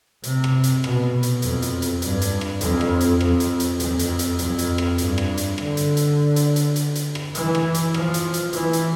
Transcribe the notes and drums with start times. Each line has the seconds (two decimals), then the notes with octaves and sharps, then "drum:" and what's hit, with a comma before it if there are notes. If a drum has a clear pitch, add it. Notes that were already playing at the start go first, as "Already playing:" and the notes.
0.23 C3, drum: hi-hat
0.44 drum: rim click
0.64 drum: hi-hat
0.84 B2, drum: rim click
1.23 drum: hi-hat
1.42 F2, drum: hi-hat
1.62 drum: hi-hat
1.82 drum: hi-hat
2.02 G2, drum: hi-hat
2.22 drum: hi-hat
2.41 drum: rim click
2.61 F2, drum: hi-hat
2.81 drum: rim click
3.01 drum: hi-hat
3.21 F2, drum: rim click
3.40 drum: hi-hat
3.60 drum: hi-hat
3.80 F2, drum: hi-hat
3.99 drum: hi-hat
4.19 drum: hi-hat
4.39 F2, drum: hi-hat
4.58 drum: hi-hat
4.78 drum: rim click
4.98 G2, drum: hi-hat
5.18 drum: rim click
5.37 drum: hi-hat
5.58 D3, drum: rim click
5.77 drum: hi-hat
5.97 drum: hi-hat
6.36 drum: hi-hat
6.56 drum: hi-hat
6.76 drum: hi-hat
6.95 drum: hi-hat
7.15 drum: rim click
7.35 E3, drum: hi-hat
7.55 drum: rim click
7.74 drum: hi-hat
7.94 F3, drum: rim click
8.14 drum: hi-hat
8.34 drum: hi-hat
8.53 E3, drum: hi-hat
8.73 drum: hi-hat